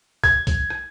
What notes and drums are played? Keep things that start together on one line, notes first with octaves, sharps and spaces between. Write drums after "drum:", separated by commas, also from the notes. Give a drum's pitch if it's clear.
G#6, drum: kick, hi-hat
drum: kick, hi-hat
drum: rim click